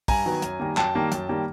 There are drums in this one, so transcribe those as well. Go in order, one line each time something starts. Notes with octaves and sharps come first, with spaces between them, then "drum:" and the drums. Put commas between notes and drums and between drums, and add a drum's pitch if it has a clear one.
G2 G#5 A#5, drum: kick, open hi-hat
D#3 F#3 B3
F#2, drum: hi-hat
D#3 G3 A#3
F#2 G5 A5, drum: clap
D#3 G3 A#3
F#2, drum: hi-hat
D#3 G3 A#3